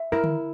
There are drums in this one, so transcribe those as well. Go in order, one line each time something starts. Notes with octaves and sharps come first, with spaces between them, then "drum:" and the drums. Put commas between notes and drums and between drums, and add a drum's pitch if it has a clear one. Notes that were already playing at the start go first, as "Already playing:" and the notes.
Already playing: E5
E4 A#4
drum: tom D3